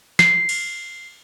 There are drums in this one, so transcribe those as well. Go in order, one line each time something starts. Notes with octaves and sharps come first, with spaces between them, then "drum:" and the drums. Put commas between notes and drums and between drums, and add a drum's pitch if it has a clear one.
C7, drum: snare
drum: cymbal